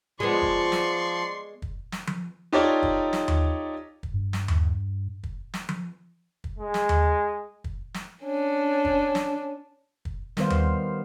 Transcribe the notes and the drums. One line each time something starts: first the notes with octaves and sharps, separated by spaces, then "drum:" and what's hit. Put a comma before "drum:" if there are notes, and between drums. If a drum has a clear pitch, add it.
F3 G#3 B3 D5 C6 C#6
drum: kick
drum: snare
drum: kick
drum: snare
drum: tom F3
D#4 F4 G4 A4 C#5 D5
drum: kick
drum: snare
drum: tom D#2
drum: kick
G2
drum: snare
drum: tom D#2
drum: kick
drum: snare
drum: tom F3
drum: kick
G#3
drum: snare
drum: tom D#2
drum: kick
drum: snare
C#4 D4
drum: kick
drum: snare
drum: kick
D#3 G3 B3 C5 F5, drum: snare
drum: tom D#2